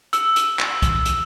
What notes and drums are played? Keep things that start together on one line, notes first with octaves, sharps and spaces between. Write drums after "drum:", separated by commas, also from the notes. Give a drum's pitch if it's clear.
E6, drum: hi-hat
drum: hi-hat
drum: clap
drum: kick C2, hi-hat
drum: hi-hat